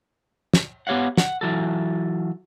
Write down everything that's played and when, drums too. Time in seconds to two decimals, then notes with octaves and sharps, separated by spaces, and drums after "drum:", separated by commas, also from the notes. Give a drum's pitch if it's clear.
0.54 drum: snare
0.87 B3 G4 C#5 F5 F#5
1.17 F#5, drum: snare
1.41 E3 F#3 A4